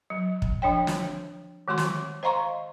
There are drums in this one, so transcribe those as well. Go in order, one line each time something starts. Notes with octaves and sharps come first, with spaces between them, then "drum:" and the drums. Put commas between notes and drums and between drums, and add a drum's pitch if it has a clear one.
F#3
drum: kick
F3 D4 C#5 G5
drum: snare
D#3 G#3 F#4 C6 C#6
drum: snare
C5 D#5 F5 A#5 C6 C#6